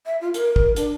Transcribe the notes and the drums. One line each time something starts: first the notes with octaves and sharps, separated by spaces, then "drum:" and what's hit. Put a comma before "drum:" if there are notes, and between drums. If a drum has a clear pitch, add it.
E5
F4
A#4, drum: hi-hat
drum: kick
D4, drum: hi-hat